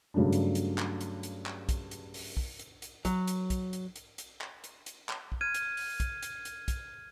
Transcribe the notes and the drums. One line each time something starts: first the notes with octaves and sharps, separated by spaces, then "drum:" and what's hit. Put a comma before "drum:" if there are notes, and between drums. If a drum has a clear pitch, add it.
G2 C#3 F#3 A3 D4
drum: hi-hat
drum: hi-hat
drum: clap
drum: hi-hat
drum: hi-hat
drum: clap
drum: kick, hi-hat
drum: hi-hat
drum: open hi-hat
drum: kick
drum: hi-hat
drum: hi-hat
F#3, drum: kick, hi-hat
drum: hi-hat
drum: kick, hi-hat
drum: hi-hat
drum: hi-hat
drum: hi-hat
drum: clap
drum: hi-hat
drum: hi-hat
drum: clap
drum: kick
F6 G#6 D#7
drum: hi-hat
drum: open hi-hat
drum: kick, hi-hat
drum: hi-hat
drum: hi-hat
drum: kick, hi-hat